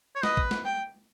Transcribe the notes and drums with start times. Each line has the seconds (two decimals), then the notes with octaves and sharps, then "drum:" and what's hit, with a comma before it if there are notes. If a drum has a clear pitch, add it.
0.16 C#5
0.23 B4 D#5, drum: snare
0.37 drum: kick
0.51 drum: snare
0.65 G5